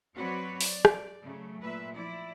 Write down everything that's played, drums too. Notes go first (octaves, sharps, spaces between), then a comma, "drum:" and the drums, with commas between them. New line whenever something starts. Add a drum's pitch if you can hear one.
F#3 C4 F#4 B4 C#5 D5
D5, drum: open hi-hat
drum: rim click
C#3 F#3 A3
A#2 B4 E5
F3 E4 D5